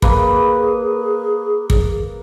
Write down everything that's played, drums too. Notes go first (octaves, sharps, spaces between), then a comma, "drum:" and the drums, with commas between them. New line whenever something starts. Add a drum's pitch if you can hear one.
A#3 G#4 B4, drum: kick
drum: kick